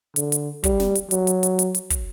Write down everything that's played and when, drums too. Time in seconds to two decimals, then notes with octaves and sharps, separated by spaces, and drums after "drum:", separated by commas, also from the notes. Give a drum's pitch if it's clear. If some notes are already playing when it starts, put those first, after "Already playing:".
0.16 D3, drum: hi-hat
0.32 drum: hi-hat
0.64 G3, drum: kick, hi-hat
0.80 drum: snare
0.95 drum: hi-hat
1.11 F#3, drum: hi-hat
1.27 drum: hi-hat
1.43 drum: hi-hat
1.59 drum: hi-hat
1.75 drum: hi-hat
1.90 drum: kick, hi-hat